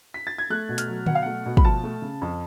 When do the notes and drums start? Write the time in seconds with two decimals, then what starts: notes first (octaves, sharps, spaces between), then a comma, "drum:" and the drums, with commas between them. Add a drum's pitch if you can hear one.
0.14 B6
0.27 A6
0.38 G#6
0.50 A3 F#6
0.69 B2
0.78 F6, drum: hi-hat
0.88 F#3
1.06 B2 F#5, drum: tom D3
1.15 F5
1.22 A3 F#5
1.46 B2
1.57 B5, drum: kick
1.63 F3 A5
1.84 A3
2.02 C#3
2.22 F2